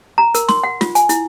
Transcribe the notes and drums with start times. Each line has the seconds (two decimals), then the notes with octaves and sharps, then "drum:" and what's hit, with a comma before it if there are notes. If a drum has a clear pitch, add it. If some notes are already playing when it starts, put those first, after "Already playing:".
0.18 A#5
0.35 A#4, drum: hi-hat
0.48 C6, drum: snare
0.64 F#5
0.81 F4, drum: snare
0.95 G#5, drum: hi-hat
1.09 E4, drum: hi-hat